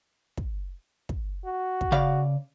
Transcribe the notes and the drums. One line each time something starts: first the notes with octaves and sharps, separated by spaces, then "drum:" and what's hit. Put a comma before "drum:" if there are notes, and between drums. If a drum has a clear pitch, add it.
drum: kick
drum: kick
F#4
drum: kick
C#3 D5 F5